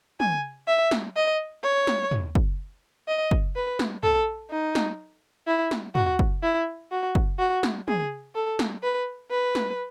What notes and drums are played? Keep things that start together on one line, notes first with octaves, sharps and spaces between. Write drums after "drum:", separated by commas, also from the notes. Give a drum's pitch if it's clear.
G#5, drum: tom
E5
drum: snare
D#5
C#5
drum: snare
drum: tom
drum: kick
D#5
drum: kick
B4
drum: snare
A4, drum: tom
D#4
drum: snare
E4
drum: snare
F#4, drum: tom
drum: kick
E4
F#4
drum: kick
F#4
drum: snare
G#4, drum: tom
A4
drum: snare
B4
B4
drum: snare